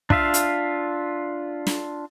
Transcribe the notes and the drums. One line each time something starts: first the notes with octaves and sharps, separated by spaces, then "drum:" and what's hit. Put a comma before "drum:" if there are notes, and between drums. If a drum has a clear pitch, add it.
D4 F4 E5 F5, drum: kick
drum: hi-hat
drum: snare